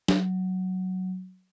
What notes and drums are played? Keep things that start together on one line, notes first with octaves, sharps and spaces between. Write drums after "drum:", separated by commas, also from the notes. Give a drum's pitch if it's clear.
F#3, drum: snare